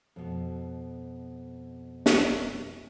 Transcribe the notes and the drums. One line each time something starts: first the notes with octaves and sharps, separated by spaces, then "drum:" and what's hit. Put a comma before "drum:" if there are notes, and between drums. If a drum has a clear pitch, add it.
F2 B2
drum: snare